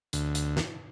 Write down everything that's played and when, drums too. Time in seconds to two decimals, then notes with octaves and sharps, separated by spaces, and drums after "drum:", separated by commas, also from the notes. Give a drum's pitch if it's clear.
0.13 D2, drum: hi-hat
0.35 drum: hi-hat
0.57 drum: snare